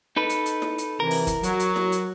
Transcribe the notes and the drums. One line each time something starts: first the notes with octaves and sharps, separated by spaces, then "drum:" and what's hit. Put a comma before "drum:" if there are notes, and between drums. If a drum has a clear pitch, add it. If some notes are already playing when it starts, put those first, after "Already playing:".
D#4 A4 B4
drum: hi-hat
drum: hi-hat
drum: snare
drum: hi-hat
C3 E3 A#4
drum: open hi-hat
drum: kick, hi-hat
F#3, drum: hi-hat
drum: hi-hat
drum: snare
drum: hi-hat